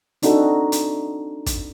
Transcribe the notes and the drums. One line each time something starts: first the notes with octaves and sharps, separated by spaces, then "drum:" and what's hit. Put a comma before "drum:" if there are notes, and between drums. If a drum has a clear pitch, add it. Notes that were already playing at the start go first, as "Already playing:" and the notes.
C4 D4 D#4 F#4 A4, drum: hi-hat
drum: hi-hat
drum: kick, hi-hat